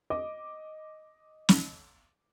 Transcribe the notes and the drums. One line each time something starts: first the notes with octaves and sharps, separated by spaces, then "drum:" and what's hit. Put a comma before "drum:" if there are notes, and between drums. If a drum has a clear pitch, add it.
D#5 D6
drum: snare